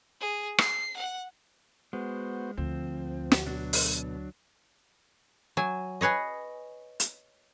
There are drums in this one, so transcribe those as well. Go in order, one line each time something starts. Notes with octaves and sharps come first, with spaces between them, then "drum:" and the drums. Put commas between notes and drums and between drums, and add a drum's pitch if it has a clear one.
G#4
C7, drum: rim click
F#5
G#3 B3 F#4 C5
D2 F3 C4
drum: snare
B2 F#3 D4
drum: open hi-hat
F#3 G#5
G#4 B4 C#5 D#5
drum: hi-hat